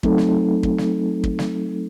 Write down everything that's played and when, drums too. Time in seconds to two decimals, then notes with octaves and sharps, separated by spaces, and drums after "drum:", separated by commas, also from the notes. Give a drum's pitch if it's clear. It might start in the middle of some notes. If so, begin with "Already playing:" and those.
0.03 F#3 A3 C4 D#4 A4, drum: kick
0.18 drum: snare
0.63 drum: kick
0.78 drum: snare
1.24 drum: kick
1.39 drum: snare